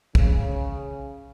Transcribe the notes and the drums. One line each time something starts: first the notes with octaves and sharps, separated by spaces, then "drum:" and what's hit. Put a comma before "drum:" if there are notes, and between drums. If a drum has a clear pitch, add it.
C#3, drum: kick